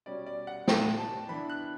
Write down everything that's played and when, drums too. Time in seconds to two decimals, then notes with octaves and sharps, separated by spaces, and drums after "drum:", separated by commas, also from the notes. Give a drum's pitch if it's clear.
0.06 B2 G3 C#4 D5
0.26 D5
0.47 F#5
0.68 G5, drum: snare
0.98 A5
1.29 E3 B3 D4 B5
1.50 F#6